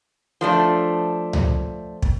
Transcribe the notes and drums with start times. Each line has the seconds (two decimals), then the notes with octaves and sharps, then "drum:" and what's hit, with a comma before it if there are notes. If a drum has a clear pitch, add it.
0.41 F3 A3 D4
1.33 drum: tom C#2
2.02 drum: kick